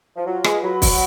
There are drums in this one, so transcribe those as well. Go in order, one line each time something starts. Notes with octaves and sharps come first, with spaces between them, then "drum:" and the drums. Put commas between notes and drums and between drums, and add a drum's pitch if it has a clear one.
F3
F#3 F4
G#3 B4, drum: rim click
F#3 B5
F#5, drum: kick, open hi-hat